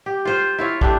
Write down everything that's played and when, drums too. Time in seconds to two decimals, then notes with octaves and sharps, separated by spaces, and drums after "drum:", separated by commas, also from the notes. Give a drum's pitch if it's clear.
0.06 G4
0.25 F4 C5
0.58 E4 F4 C#5
0.81 A3 D4 G4, drum: kick